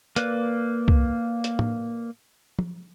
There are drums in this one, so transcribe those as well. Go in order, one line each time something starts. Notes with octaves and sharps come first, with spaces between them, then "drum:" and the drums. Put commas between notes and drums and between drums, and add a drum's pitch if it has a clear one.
A#3 B4 D5 F#6, drum: hi-hat
drum: kick C2
drum: hi-hat
drum: tom A2
drum: tom F3